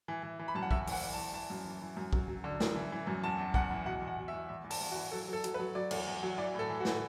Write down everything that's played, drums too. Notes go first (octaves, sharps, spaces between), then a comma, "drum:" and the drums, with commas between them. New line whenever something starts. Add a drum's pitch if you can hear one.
E3
E3
E3
B5
F#2 A5
F#5
E2 E5, drum: kick
E3 F#5, drum: open hi-hat
E2
A5
E2
E3 A5
F#2
E3
E3
F#2
F#3, drum: kick
F#3
D3
F#2, drum: snare
E3
E3
F#2
E2 A5
E2
E2 F#5, drum: kick
E3
B2 F#5
E2
F#5
B2
E5
E2
E2 E5
E2
A5, drum: open hi-hat
E2
F#4
E3
F#3 A4
F#3 A4
F#3, drum: hi-hat
B4
F#3
F#3 D5
E2, drum: cymbal
E2
F#3
E3 D5
A2
A4
E3
F#4
A2, drum: snare